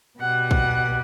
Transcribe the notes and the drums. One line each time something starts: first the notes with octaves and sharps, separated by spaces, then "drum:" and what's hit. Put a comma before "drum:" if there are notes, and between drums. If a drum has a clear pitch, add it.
B2 G3 F#5
F#5, drum: kick